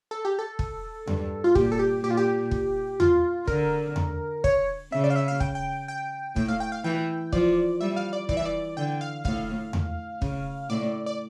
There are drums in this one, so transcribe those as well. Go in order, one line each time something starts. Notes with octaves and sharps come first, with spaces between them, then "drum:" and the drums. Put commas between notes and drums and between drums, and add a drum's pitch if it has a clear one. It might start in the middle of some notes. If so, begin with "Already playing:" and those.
A4
G4
A4
drum: kick
G2, drum: tom E2
F4
A#2 G4, drum: kick
A4
G4
A#2 G4
F4
G4
drum: kick
F4, drum: tom E2
D3 A#4, drum: kick
drum: tom E2
C#5, drum: kick
C#3 E5
D5
F5
E5
F5
G5, drum: kick
G5
G5
A2 G5, drum: kick
F5
G5
F5
E3 G5
F3 D5, drum: kick
G3 E5
F5
D5
E3 D5, drum: kick
E5
D5
D3 G5
F5
A2 F5, drum: kick
drum: tom E2
C#3, drum: kick
A2 D5
D5